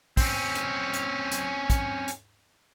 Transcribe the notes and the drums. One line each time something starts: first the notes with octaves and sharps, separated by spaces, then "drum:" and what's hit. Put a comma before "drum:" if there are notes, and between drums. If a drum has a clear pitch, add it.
C4 C#4, drum: kick, open hi-hat
drum: hi-hat
drum: hi-hat
drum: hi-hat
drum: kick, hi-hat
drum: hi-hat